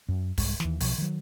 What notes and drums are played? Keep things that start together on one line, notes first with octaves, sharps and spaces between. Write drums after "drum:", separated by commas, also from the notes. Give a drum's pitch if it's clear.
F#2
C2 G#2, drum: kick, open hi-hat
D#2 E3, drum: snare
B1 B2 F3, drum: open hi-hat
D#3 F#3